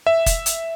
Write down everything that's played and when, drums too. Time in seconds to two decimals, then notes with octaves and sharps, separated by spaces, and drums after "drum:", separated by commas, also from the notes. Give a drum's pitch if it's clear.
0.07 E5
0.26 drum: kick, hi-hat
0.46 drum: hi-hat